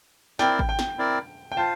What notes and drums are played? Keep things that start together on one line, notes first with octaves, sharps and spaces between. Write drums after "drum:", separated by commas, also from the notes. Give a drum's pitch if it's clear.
C4 E4 A#4 D5 G5, drum: snare
drum: kick G#1
G5
drum: snare
C4 E4 A#4 D5
G5
F4 C5 F5 A5